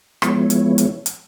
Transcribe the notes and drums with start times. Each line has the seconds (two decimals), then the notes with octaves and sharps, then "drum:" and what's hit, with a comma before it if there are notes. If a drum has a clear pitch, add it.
0.22 F3 G#3 B3 E4 C#5, drum: rim click
0.50 drum: hi-hat
0.78 drum: hi-hat
1.06 drum: hi-hat